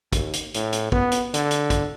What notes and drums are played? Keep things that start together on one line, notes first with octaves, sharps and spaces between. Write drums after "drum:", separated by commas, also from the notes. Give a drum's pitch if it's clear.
D#2, drum: kick, hi-hat
drum: hi-hat
A2, drum: hi-hat
drum: hi-hat
B3, drum: kick
drum: hi-hat
D3, drum: hi-hat
drum: hi-hat
drum: kick, hi-hat